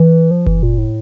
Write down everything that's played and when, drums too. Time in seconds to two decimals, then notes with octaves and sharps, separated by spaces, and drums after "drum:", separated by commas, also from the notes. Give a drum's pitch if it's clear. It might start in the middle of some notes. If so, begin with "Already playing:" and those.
Already playing: E3
0.31 F3
0.46 E3, drum: kick F#1
0.63 A#2
0.78 A2